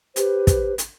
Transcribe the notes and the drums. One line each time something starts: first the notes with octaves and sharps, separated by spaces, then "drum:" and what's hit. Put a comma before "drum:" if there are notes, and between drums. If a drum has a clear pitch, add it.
G4 B4 C5, drum: hi-hat
drum: kick, hi-hat
drum: hi-hat